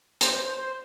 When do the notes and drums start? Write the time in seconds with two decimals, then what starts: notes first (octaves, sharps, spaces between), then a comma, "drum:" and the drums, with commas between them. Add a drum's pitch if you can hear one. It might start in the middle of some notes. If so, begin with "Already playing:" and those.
0.21 C5, drum: hi-hat
0.33 C5
0.45 C5
0.57 C5